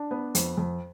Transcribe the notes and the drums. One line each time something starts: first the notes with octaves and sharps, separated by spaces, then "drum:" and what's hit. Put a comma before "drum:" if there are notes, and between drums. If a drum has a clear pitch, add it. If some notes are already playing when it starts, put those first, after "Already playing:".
Already playing: D4
B3
F2, drum: hi-hat
F2